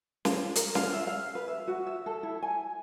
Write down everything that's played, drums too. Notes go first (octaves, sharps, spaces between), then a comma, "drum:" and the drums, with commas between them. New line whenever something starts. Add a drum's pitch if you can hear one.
F5, drum: snare
A#4, drum: hi-hat
F5, drum: snare
E5
F5
B4
E5
F#4
E5
A4
E4
G#5